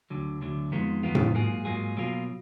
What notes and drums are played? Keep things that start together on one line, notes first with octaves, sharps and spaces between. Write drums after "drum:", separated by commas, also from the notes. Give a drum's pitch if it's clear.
D2 D3 F#3
D2 D3 F#3
F2 D#3 G#3 B3 F4
F2 D#3 G#3 B3 F4
drum: tom A2
G#2 F#3 A#3 F4 G#4
G#2 F#3 A#3 F4 G#4
B2 F#3 A#3 F4